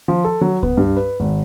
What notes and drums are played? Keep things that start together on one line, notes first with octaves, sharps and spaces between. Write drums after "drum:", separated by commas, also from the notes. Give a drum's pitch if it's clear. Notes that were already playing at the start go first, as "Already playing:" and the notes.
F3
A4
F#3
B3, drum: kick C#2
G2
B4
G#1